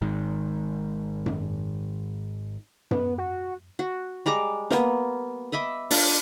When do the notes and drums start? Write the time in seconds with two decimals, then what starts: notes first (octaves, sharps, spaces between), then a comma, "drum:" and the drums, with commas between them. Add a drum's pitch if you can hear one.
0.01 G#1 G#2 D#3
1.26 drum: tom F#2
2.91 B3, drum: tom F#2
3.18 F#4
3.79 F#4
4.26 G3 G#3 A#5 D6
4.71 A#3 B3, drum: snare
5.52 D#5 E5 B5 D6
5.91 D4 F4 D6, drum: open hi-hat